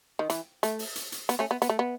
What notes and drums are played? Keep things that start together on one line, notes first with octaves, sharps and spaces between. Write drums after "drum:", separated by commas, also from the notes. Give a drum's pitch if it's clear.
D#3
E3, drum: hi-hat
A3, drum: hi-hat
drum: open hi-hat
drum: hi-hat
drum: hi-hat
B3, drum: hi-hat
A3 C#4
B3
B3, drum: hi-hat
A3
B3